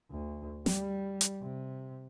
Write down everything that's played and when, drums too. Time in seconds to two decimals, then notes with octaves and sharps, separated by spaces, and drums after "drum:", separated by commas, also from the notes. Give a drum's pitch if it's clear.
0.10 D2
0.66 G3, drum: snare
1.21 drum: hi-hat
1.42 C3